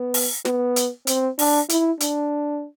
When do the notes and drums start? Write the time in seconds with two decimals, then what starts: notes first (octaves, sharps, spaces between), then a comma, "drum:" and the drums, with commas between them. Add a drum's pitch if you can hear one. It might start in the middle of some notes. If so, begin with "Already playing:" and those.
Already playing: B3
0.14 drum: open hi-hat
0.45 B3, drum: snare
0.76 drum: hi-hat
1.07 C4, drum: hi-hat
1.39 D4, drum: open hi-hat
1.69 E4, drum: hi-hat
2.00 D4, drum: hi-hat